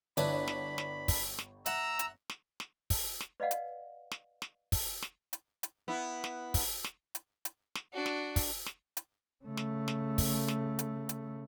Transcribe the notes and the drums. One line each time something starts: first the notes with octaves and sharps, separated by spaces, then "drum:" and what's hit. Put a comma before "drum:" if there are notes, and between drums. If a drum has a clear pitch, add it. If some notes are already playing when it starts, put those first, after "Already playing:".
G1 D4 E4 B4 B5, drum: hi-hat
drum: snare
drum: snare
drum: kick, open hi-hat
drum: snare
E5 F#5 A#5 E6, drum: hi-hat
drum: hi-hat
drum: snare
drum: snare
drum: kick, open hi-hat
drum: snare
B4 D5 D#5 F5 F#5
drum: hi-hat
drum: snare
drum: snare
drum: kick, open hi-hat
drum: snare
drum: hi-hat
drum: hi-hat
B3 E4
drum: snare
drum: kick, open hi-hat
drum: snare
drum: hi-hat
drum: hi-hat
drum: snare
D4 F#4
drum: snare
drum: kick, open hi-hat
drum: snare
drum: hi-hat
C#3 A3
drum: snare
drum: snare
drum: kick, open hi-hat
drum: snare
drum: hi-hat
drum: hi-hat